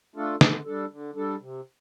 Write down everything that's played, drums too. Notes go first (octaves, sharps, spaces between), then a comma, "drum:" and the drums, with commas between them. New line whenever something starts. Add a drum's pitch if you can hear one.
A3 D4 F4 A4
D3, drum: snare
G3 D4 A4
D3
G3 D4 A4
C3